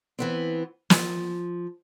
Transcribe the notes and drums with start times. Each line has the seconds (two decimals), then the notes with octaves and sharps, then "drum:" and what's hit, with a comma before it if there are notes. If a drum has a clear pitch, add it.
0.19 E3 B3 C4
0.90 F3, drum: snare